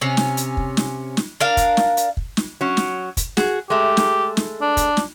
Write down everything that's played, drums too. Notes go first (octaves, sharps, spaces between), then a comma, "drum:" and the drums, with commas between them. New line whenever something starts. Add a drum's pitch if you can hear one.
C3 C#4
drum: snare
drum: hi-hat
drum: kick
drum: snare
drum: snare
D4 A#4 F5
drum: kick, hi-hat
drum: snare
drum: hi-hat
drum: kick
drum: snare
F#3 C#4
drum: snare
drum: kick, hi-hat
F#4 G#4, drum: snare
G#3 A3 G4
drum: snare
drum: snare
D4
drum: kick, hi-hat
drum: snare